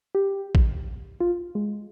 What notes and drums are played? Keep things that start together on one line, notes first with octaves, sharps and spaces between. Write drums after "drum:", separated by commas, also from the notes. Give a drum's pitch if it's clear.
G4
drum: kick
F4
G#3